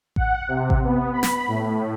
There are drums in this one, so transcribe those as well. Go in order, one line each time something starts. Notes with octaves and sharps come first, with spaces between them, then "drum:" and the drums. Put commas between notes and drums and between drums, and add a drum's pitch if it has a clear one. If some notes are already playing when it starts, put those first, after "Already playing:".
F#5, drum: kick A1
C3
drum: kick A1
B3
B5
drum: snare
A2